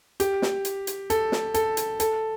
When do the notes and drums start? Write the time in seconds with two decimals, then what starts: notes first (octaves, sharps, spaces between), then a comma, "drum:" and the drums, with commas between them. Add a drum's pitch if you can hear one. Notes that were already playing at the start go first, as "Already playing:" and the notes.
0.20 G4, drum: hi-hat
0.42 drum: snare
0.65 drum: hi-hat
0.87 drum: hi-hat
1.10 A4, drum: hi-hat
1.32 drum: snare
1.54 A4, drum: hi-hat
1.77 drum: hi-hat
2.00 A4, drum: hi-hat